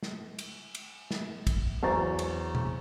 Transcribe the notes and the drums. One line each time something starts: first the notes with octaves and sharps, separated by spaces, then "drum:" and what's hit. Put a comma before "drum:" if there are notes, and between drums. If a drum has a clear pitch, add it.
drum: snare
drum: cymbal
drum: cymbal
drum: snare
drum: kick, cymbal
E2 F#3 C5 A#5 C#6 A6
drum: cymbal
drum: tom B2